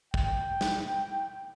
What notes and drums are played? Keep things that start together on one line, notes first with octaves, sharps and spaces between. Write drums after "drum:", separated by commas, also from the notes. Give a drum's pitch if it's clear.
G5, drum: kick
drum: snare